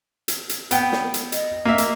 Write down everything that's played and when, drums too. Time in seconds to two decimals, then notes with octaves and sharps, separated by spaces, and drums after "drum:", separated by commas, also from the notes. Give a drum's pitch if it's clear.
0.28 drum: hi-hat
0.49 drum: hi-hat
0.71 B3 G5, drum: hi-hat
0.92 drum: snare
1.14 drum: hi-hat
1.32 D#5, drum: hi-hat
1.65 A#3 E5
1.78 drum: hi-hat